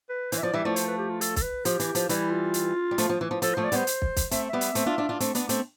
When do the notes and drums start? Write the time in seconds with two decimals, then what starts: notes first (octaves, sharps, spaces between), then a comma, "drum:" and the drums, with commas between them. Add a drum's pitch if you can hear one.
0.09 B4
0.32 E3 C5, drum: hi-hat
0.38 E5
0.43 F3 D5
0.53 E3 G3 E5
0.65 F3 A3 D5
0.76 C5, drum: hi-hat
0.88 B4
0.98 G4
1.10 F4
1.21 A4, drum: hi-hat
1.36 A4, drum: kick, hi-hat
1.42 B4
1.65 F3 G4, drum: hi-hat
1.80 E3, drum: hi-hat
1.95 F3, drum: hi-hat
2.09 E3 G3 E4, drum: hi-hat
2.31 F4
2.54 drum: hi-hat
2.91 G3
2.98 F3 A3, drum: hi-hat
3.09 F3
3.21 E3
3.31 F3
3.42 F3 A4, drum: hi-hat
3.54 F3 A3 C5
3.64 D5
3.72 G3 B3 C5, drum: hi-hat
3.87 drum: hi-hat
4.02 drum: kick
4.17 drum: kick, hi-hat
4.31 A3 C4 E5, drum: hi-hat
4.49 G3 B3 E5
4.61 drum: hi-hat
4.75 A3 C4, drum: hi-hat
4.86 D4 F4
4.98 D4 F4
5.09 D4 F4
5.20 A3 C4, drum: hi-hat
5.35 B3 D4, drum: hi-hat
5.49 A3 C4, drum: hi-hat